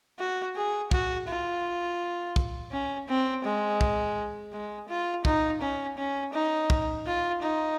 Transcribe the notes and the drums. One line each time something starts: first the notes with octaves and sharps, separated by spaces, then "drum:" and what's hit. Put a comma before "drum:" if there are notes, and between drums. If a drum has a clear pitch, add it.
F#4
G#4
F#4, drum: kick
F4
drum: kick
C#4
C4
G#3
drum: kick
G#3
F4
D#4, drum: kick
C#4
C#4
D#4
drum: kick
F4
D#4